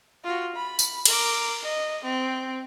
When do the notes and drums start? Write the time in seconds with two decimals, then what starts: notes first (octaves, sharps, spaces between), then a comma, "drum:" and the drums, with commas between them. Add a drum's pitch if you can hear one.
0.24 F4 F#4
0.55 B5
0.79 drum: tambourine
1.05 A#4 D6, drum: cymbal
1.62 D#5
2.04 C4